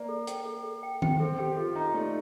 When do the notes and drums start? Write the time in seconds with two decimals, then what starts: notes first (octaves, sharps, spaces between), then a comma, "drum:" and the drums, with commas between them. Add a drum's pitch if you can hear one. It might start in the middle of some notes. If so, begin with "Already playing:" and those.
Already playing: A#3 D5
0.09 A4
0.27 G5, drum: hi-hat
0.45 A4
0.64 A4
0.83 G5
1.02 G5, drum: tom D#3
1.20 C4 A4
1.39 G4 G5
1.57 F4 A4
1.75 D#4 A#5
1.94 A3 D5